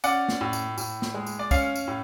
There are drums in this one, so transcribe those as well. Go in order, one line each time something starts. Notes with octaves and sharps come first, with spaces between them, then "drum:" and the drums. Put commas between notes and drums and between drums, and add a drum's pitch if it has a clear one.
C#4 D5 F#5, drum: tambourine
drum: snare
A2
drum: tambourine
A2, drum: tambourine
drum: snare
G#3
drum: tambourine
D5
C#4 C#5 F5, drum: kick, tambourine
drum: tambourine
A2